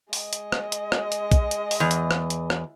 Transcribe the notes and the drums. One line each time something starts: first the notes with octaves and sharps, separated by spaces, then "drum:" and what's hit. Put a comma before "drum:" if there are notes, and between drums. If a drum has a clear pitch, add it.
G#3 D#5, drum: open hi-hat
drum: hi-hat
drum: rim click
drum: hi-hat
drum: rim click
drum: hi-hat
drum: kick, hi-hat
drum: hi-hat
drum: open hi-hat
E2
drum: hi-hat
drum: rim click
drum: hi-hat
drum: rim click